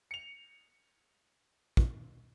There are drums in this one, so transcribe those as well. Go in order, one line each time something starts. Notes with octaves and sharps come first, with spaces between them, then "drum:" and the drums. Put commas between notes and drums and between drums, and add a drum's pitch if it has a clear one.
C#7 F7
drum: kick